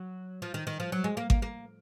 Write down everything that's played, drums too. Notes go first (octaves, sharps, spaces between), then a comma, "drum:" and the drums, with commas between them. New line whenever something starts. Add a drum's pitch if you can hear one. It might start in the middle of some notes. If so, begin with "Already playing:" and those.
Already playing: F#3
F3
D#3
D#3
F3
F#3
G#3
A#3
A#3, drum: kick G#1
A#3